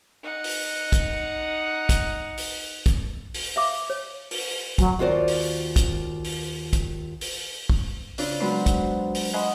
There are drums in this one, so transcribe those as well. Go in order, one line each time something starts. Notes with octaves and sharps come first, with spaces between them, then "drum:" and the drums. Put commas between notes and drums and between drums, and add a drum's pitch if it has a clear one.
D#4 F#5
drum: open hi-hat
drum: kick, hi-hat
drum: kick, hi-hat
drum: open hi-hat
drum: kick, hi-hat
drum: open hi-hat
E5 F5 D6
C#5
drum: open hi-hat
F#3 G#5, drum: kick, hi-hat
D#2 F4 F#4 C5 D5
drum: open hi-hat
drum: kick, hi-hat
drum: open hi-hat
drum: kick, hi-hat
drum: open hi-hat
drum: kick
C#3 C4 D4 F4, drum: open hi-hat
F#3 G#3 B3 B4 C5 C6
drum: kick, hi-hat
drum: open hi-hat
C5 D#5 F5 F#5 G#5 B5